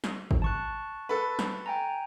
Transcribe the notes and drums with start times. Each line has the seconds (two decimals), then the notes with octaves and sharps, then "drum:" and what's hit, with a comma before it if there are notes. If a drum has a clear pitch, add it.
0.04 drum: snare
0.31 drum: kick G#1
0.42 A5 C#6 F#6
1.09 A4 B4
1.39 drum: snare
1.66 G5 G#5 A#5